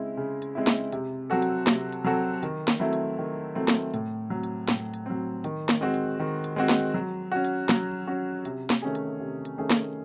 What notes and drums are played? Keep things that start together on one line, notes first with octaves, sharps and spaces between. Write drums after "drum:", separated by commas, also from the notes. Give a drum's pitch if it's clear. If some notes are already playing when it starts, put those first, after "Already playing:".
Already playing: C#3 G#3 C4 E4
C#3
drum: hi-hat
G#3 C4 E4
drum: snare
C3, drum: hi-hat
F#3 C4 F#4 A4
drum: hi-hat
C3, drum: snare
drum: hi-hat
F#3 C4 F#4 A4
D#3, drum: hi-hat
drum: snare
F#3 A3 C4 E4
drum: hi-hat
D#3
F#3 A3 C4 E4
drum: snare
A2, drum: hi-hat
F#3 C4
drum: hi-hat
A2, drum: snare
drum: hi-hat
F#3 C4
D#3, drum: hi-hat
drum: snare
G#3 C4 F#4
drum: hi-hat
D#3
drum: hi-hat
G#3 C4 F#4
drum: snare
F#3
C#4 F#4
drum: hi-hat
F#3, drum: snare
C#4 F#4
C3, drum: hi-hat
drum: snare
D#3 A3 C#4 G#4
drum: hi-hat
C3
drum: hi-hat
D#3 A3 C#4 G#4
drum: snare